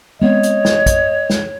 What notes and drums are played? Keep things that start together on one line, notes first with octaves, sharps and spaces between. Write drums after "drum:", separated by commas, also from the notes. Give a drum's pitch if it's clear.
G#3 B3 C4 C#5 D#5
drum: hi-hat
drum: snare
drum: kick, hi-hat
drum: snare